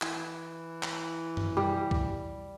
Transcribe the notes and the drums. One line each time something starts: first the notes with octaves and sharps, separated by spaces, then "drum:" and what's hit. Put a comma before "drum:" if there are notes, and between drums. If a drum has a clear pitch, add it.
E3, drum: clap
drum: clap
drum: tom F#2
G3
drum: kick